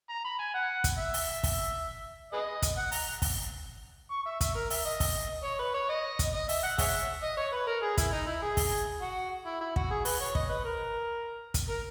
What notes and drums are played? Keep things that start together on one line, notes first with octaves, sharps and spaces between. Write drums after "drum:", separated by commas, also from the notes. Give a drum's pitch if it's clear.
A#5
B5
G#5
F#5
drum: kick, hi-hat
E5
drum: open hi-hat
drum: kick, open hi-hat
G#4 B4 D#5
drum: kick, hi-hat
F#5
A#5, drum: open hi-hat
drum: kick, open hi-hat
C#6
E5
E5, drum: kick, hi-hat
A#4
E5, drum: open hi-hat
D#5
drum: kick, open hi-hat
C#5
B4
C#5
D#5
drum: kick, hi-hat
D#5
E5, drum: open hi-hat
F#5
G#4 C#5 E5, drum: kick, open hi-hat
D#5
C#5
B4
A#4
G#4
E4, drum: kick, hi-hat
D#4
E4
G#4
drum: kick, open hi-hat
F#4
E4
E4
F#4, drum: kick
G#4
B4, drum: open hi-hat
C#5
D#5, drum: kick
B4
A#4
drum: kick, hi-hat
A#4